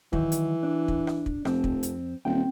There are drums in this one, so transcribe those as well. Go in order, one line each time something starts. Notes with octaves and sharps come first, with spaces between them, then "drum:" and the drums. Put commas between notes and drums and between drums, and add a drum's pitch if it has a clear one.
D#3 E3 F#3, drum: kick
drum: hi-hat
D4
drum: kick
drum: rim click
drum: kick
F1 F2 C4, drum: rim click
drum: kick
drum: hi-hat
D#1 C4 G5